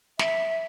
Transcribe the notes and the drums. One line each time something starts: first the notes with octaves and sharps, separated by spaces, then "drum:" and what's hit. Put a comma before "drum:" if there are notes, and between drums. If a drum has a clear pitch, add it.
E5, drum: snare